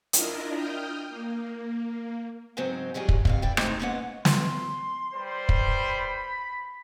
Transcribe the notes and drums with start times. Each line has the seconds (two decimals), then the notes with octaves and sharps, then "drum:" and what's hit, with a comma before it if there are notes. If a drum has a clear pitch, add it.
0.13 D4 E4 F4 A#4 D#5, drum: hi-hat
0.55 G5 D#6 F6 G6
1.09 A#3
2.57 G#2 C#3 F#3 C4 C#4
2.94 D#3 F#3 G3 F4 G#4
3.09 drum: kick
3.25 F2 C3 F5, drum: kick
3.42 E4 D5 G5
3.57 G#3 A3 C4 D#4, drum: rim click
3.79 G#3 A#3 B3 C#4 D#5 F#5
4.25 C6, drum: snare
5.13 G3 B4 C5
5.49 drum: kick
5.77 B5